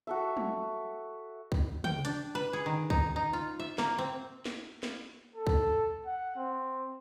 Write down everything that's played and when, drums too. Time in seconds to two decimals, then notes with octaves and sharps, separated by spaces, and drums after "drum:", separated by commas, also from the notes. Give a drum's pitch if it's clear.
0.07 F#4 A4 E5
0.37 drum: tom
1.52 drum: kick C2
1.84 G5, drum: tom
2.05 D4, drum: hi-hat
2.35 B4
2.53 G#4
2.66 D#3
2.90 D#4, drum: kick C2
3.16 D#4
3.33 F4
3.60 E5
3.78 A#3, drum: snare
3.98 C4
4.45 drum: snare
4.83 drum: snare
5.36 A4
5.47 drum: kick C2
6.06 F#5
6.36 C4